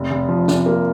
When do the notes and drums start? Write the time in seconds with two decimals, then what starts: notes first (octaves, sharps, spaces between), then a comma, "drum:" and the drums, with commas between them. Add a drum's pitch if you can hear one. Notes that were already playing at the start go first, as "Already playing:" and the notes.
Already playing: F1
0.10 F1
0.29 F3
0.48 F1, drum: snare
0.66 A#3